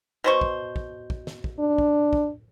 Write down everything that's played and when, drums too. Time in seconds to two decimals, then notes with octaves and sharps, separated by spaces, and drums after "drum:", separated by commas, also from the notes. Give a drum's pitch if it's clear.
0.24 B2 C5 C#6
0.41 drum: kick
0.76 drum: kick
1.10 drum: kick
1.27 drum: snare
1.44 drum: kick
1.59 D4
1.78 drum: kick
2.13 drum: kick